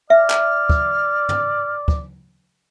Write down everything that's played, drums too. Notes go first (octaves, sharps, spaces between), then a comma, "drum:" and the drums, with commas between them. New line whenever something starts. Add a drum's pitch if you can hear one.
D5 E5 F6
drum: clap
drum: kick
drum: tom
drum: kick